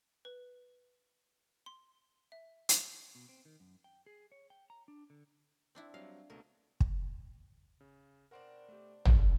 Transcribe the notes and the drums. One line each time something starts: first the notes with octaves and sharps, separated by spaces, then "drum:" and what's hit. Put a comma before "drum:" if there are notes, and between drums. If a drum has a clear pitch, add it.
B4
C6
E5
drum: hi-hat
B2
C4
D#3
F#2
G5
G#4
C#5
G5
A#5
D4
D3
C4 D4 E4
F#3 G3 C4 F5
C#2 B2 A3 A#4
drum: kick
C#3
B2 C4 D4 A#4 F#5
A3 G4
D3 B3 C#4, drum: tom